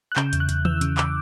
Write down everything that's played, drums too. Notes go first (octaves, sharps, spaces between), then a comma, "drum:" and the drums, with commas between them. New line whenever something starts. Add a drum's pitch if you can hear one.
F#6
C#3 G6, drum: clap
E2, drum: hi-hat
F#6
E2, drum: hi-hat
E3 E6, drum: tom D#3
C#3, drum: hi-hat
D6, drum: clap